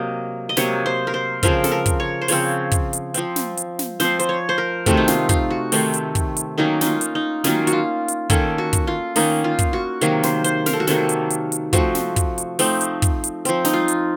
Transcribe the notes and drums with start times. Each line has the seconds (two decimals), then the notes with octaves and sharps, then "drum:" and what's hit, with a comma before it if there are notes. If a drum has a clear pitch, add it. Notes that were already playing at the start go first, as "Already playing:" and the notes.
Already playing: C3 F#3 A#3 D#5
0.49 D#5
0.57 C3 F#3 A#3 C#5, drum: snare
0.86 C5
1.07 A#4
1.14 C5
1.43 C#3 F3 C4 A#4, drum: kick, hi-hat
1.64 A4, drum: snare
1.72 A#4
1.86 drum: kick, hi-hat
2.00 C#5
2.21 C5
2.28 C#3 F3 C4 C#5, drum: open hi-hat
2.72 drum: kick, hi-hat
2.93 drum: hi-hat
3.14 F3 C4, drum: hi-hat
3.36 drum: snare
3.57 drum: hi-hat
3.79 drum: snare
4.00 F3 C4 C5, drum: snare
4.19 C5, drum: hi-hat
4.29 C#5
4.49 C5
4.58 A#4
4.86 C3 D#3 A3 C4 F#4, drum: kick, hi-hat
4.97 D#4
5.08 F4, drum: snare
5.29 F4, drum: kick, hi-hat
5.50 F#4
5.72 C3 D#3 A3 C4, drum: open hi-hat
5.94 drum: hi-hat
6.15 drum: kick, hi-hat
6.37 drum: hi-hat
6.58 D#3 F#3 A#3 C#4 D#4
6.81 D#4, drum: snare
6.87 F4
7.01 drum: hi-hat
7.15 D#4
7.44 D#3 F#3 A#3 C#4 F4, drum: snare
7.67 F#4, drum: hi-hat
7.72 F4
8.08 drum: hi-hat
8.30 D#3 A#3 C#4 A4, drum: kick, hi-hat
8.58 F#4
8.73 drum: kick, hi-hat
8.87 F4
9.16 D#3 A#3 C#4 D#4, drum: open hi-hat
9.44 F4
9.59 drum: kick, hi-hat
9.73 F#4
10.01 C3 D#3 F#3 A#3, drum: hi-hat
10.23 C5, drum: snare
10.44 C5, drum: hi-hat
10.66 A#4, drum: snare
10.73 A4
10.80 F#4
10.87 C3 D#3 F#3 A#3 A4, drum: snare
11.09 drum: hi-hat
11.30 drum: hi-hat
11.52 drum: hi-hat
11.73 F3 A3 C4 F#4, drum: kick, hi-hat
11.95 drum: snare
12.16 drum: kick, hi-hat
12.38 drum: hi-hat
12.59 F3 A3 C4 D#4, drum: open hi-hat
12.81 drum: hi-hat
13.02 drum: kick, hi-hat
13.24 drum: hi-hat
13.45 F3 C4, drum: hi-hat
13.65 D#4, drum: snare
13.73 F4
13.88 drum: hi-hat